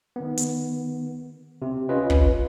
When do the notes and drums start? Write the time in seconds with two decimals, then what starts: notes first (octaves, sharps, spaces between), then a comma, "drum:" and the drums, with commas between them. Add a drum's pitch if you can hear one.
0.16 D#3 B3
0.37 drum: hi-hat
1.62 C3
1.89 C#4 F4 B4 D#5
2.10 drum: kick